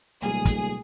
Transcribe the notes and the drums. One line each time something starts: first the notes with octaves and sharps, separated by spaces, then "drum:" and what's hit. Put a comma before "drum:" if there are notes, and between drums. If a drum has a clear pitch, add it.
D1 B2 G3 A#3 G#4
drum: kick, hi-hat